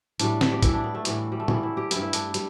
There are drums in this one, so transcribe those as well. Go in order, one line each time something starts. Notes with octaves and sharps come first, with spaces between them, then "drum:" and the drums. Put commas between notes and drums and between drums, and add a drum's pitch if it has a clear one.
A2 E3 G3 D4, drum: hi-hat
drum: snare
G4
A2 E3 G3 E4, drum: kick, hi-hat
D4
B3
A3
A2 E3 G3 B3, drum: hi-hat
G3
A3
A2 E3 G3 B3, drum: tom A2
E4
G4
G2 G3 E4, drum: hi-hat
E4
D4, drum: hi-hat
G3, drum: hi-hat